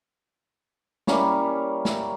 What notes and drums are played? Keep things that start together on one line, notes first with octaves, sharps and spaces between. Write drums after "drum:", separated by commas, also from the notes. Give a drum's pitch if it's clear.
G3 A#3 C#4 E4, drum: snare
drum: snare